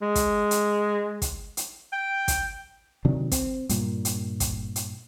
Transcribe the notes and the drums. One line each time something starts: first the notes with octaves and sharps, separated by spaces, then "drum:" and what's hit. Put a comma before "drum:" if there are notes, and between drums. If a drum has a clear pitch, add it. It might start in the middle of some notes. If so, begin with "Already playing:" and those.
G#3
drum: kick, hi-hat
drum: hi-hat
drum: kick, hi-hat
drum: hi-hat
G5
drum: kick, hi-hat
C3 D#3 F#3 D4
C4, drum: kick, hi-hat
G2 A#2, drum: hi-hat
drum: hi-hat
drum: kick, hi-hat
drum: hi-hat